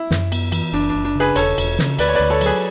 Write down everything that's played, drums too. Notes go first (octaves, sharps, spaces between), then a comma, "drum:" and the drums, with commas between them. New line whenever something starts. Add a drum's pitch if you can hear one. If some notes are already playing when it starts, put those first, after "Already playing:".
Already playing: E4
F#2, drum: snare
B3, drum: cymbal
E3, drum: cymbal
F#1 D4
F#1 D4
D4
C#3 G#4 B4
E1 A4 C#5, drum: cymbal
E1, drum: cymbal
C#3, drum: snare
D2 B4 D5, drum: cymbal
C#5
D2 B4 D5
A4 C#5
F#3 G#4 B4, drum: cymbal